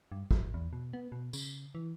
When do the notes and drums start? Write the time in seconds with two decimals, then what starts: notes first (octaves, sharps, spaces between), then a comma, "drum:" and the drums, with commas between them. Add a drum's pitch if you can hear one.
0.12 G2
0.31 A1, drum: kick
0.54 E2
0.73 B2
0.93 B3
1.12 B2
1.33 C#3, drum: tambourine
1.75 E3